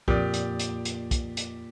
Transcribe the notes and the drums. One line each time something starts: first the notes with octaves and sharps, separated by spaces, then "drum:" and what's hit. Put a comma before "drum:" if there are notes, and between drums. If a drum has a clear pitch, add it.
F2 A#2 G4 D5 D#6, drum: kick
drum: hi-hat
drum: hi-hat
drum: hi-hat
drum: kick, hi-hat
drum: hi-hat